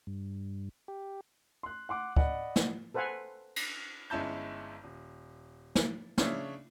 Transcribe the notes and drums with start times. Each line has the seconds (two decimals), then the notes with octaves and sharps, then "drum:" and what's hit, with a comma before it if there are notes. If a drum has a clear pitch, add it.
0.07 G2
0.88 G4
1.63 C6 F#6
1.89 F#5 C6 D6 F#6
2.16 D5 D#5 F#5 B5, drum: kick
2.56 drum: snare
2.94 A4 B4 C5 F5 F#5 G#5
3.56 drum: cymbal
4.10 G1 G#3 C#4 E4 A5 G6
4.84 D#1
5.75 drum: snare
6.18 C#3 D4 C#5 E5, drum: snare